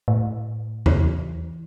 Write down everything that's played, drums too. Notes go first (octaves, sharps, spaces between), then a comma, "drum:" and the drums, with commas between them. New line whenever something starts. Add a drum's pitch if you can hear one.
A2
E3, drum: tom E2